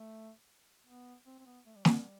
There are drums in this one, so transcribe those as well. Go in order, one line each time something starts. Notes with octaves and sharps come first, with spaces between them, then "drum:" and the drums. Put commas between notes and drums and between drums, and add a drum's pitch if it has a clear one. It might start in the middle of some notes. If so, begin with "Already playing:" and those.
Already playing: A3
B3
C4
C4
B3
A3
G3
F#3, drum: snare
G3